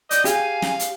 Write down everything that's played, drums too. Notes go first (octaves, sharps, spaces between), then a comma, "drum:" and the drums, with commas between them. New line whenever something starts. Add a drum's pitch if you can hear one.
D5 D#5 G6, drum: hi-hat
G4 G#4 F5 G#5, drum: hi-hat
drum: snare
drum: hi-hat